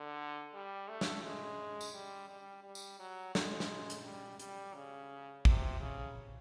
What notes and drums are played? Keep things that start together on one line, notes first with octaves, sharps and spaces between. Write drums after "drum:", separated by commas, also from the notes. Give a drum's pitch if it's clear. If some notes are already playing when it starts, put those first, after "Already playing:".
Already playing: D3
G3
A3
drum: snare
G#3
drum: tambourine
G3
G3
G3
drum: tambourine
F#3
G#3, drum: snare
drum: snare
drum: hi-hat
G3
G3, drum: hi-hat
C#3
C3, drum: kick
C#3